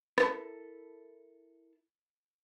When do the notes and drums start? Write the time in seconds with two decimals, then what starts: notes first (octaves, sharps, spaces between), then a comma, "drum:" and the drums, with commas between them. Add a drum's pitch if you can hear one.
0.18 E4 G4 A4 A#4 A5, drum: rim click